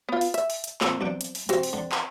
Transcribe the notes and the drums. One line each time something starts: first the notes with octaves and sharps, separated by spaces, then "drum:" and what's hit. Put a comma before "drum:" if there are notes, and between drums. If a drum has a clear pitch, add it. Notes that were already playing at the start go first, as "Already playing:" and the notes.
B3 F4
drum: open hi-hat
E5, drum: hi-hat
drum: open hi-hat
drum: hi-hat
A#2 C4 A4 A#5, drum: clap
B1 D4 G5
drum: hi-hat
drum: open hi-hat
C3 C4 F#4, drum: hi-hat
drum: open hi-hat
D3
drum: clap